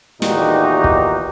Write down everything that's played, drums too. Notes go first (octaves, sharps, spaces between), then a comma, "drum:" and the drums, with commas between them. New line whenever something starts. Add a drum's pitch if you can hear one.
E2 A#2 D#3 D#4 F#4 G4, drum: snare
drum: kick